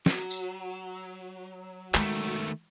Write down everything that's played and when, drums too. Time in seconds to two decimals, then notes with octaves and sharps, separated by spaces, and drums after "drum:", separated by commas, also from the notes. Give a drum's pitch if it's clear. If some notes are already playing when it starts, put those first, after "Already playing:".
0.06 F#3, drum: snare
0.31 drum: tambourine
1.94 D#3 G#3 A3, drum: clap